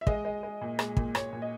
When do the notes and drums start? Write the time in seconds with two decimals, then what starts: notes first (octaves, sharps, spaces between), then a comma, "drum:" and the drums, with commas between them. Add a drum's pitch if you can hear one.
0.01 E5
0.07 G#3 D#5, drum: kick
0.25 G#3
0.43 G#3
0.61 A#2
0.79 G#3, drum: rim click
0.97 A#2, drum: kick
1.15 A#2 C#5, drum: rim click
1.33 A#2
1.42 D#5